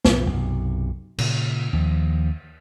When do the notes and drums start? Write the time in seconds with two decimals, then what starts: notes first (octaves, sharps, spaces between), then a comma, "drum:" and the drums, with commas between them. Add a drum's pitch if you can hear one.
0.05 B1 F2 A2, drum: snare
0.26 B1 F#2 C3
1.18 A#2 C#3, drum: cymbal
1.73 D#2 F3